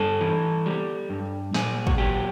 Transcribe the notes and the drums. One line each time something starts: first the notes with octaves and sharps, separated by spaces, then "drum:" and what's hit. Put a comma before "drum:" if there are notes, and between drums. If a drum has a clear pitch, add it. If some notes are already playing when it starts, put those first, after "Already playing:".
Already playing: G2 A4
E3
G3
G2
A#2 G#4, drum: snare
F#4, drum: kick
F#3 G4